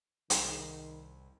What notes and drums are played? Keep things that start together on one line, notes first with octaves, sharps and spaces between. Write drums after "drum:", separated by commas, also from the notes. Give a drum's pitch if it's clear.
C2 D#3 G#4 A#4 C5 D#5, drum: hi-hat